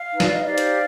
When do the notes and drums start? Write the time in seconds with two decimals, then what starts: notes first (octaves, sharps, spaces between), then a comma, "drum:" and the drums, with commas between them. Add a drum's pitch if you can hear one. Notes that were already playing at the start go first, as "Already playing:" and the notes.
Already playing: F5
0.12 D#4 B4
0.20 D5, drum: snare
0.32 D#5
0.44 D#4 G4 C5 D5 F5
0.58 drum: hi-hat